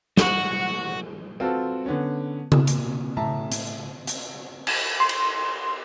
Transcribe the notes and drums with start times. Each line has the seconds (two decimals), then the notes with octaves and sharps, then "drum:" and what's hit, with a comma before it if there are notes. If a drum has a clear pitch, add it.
0.17 F#4 F#5 C#6, drum: snare
1.40 C4 F4 F#4 A4 B4
1.86 D3 B3 C#4
2.52 drum: tom C#3
2.67 A#2, drum: hi-hat
3.17 A2 E5 A5 A#5
3.52 drum: hi-hat
4.07 drum: hi-hat
4.67 drum: cymbal
5.00 C6
5.09 drum: cymbal